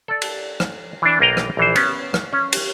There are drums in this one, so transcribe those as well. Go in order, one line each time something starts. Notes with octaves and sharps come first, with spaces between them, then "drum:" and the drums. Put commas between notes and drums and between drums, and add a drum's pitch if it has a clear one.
A4 D5
drum: cymbal
drum: rim click
E3 D4
B1 A#3 D#5 G5 A#5
drum: rim click
A#1 E3 C5
B3 C#4, drum: cymbal
drum: rim click
C#4
drum: cymbal